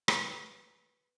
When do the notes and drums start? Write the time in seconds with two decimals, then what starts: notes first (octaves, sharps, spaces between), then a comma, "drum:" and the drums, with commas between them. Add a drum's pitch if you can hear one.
0.08 B4 C#6, drum: rim click